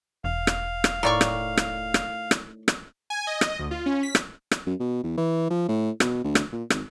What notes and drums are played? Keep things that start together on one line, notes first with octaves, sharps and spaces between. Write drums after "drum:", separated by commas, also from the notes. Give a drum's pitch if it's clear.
E1 F5
drum: rim click
drum: rim click
A2 D#3 D5 C#6
drum: rim click
drum: rim click
drum: rim click
drum: rim click
drum: rim click
G#5
D#5
D#5, drum: rim click
D2
F4
C#4
B6
drum: rim click
drum: rim click
F#2
B2
E2
E3
F3
A2
B2, drum: rim click
D2
drum: rim click
A#2
G#1, drum: rim click